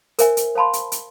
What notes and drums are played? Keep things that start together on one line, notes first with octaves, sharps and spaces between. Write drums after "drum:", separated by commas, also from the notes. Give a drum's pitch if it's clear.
A#4 C5 E5 G#5, drum: hi-hat
drum: hi-hat
C5 F5 A5 B5 C6
drum: hi-hat
drum: hi-hat